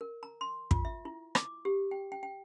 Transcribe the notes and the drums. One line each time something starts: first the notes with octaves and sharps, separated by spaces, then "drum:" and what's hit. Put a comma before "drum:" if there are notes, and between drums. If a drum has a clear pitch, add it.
A#4
A#5
C6
F4, drum: kick
E5
E4
D6, drum: rim click
G4
G5
G5
G5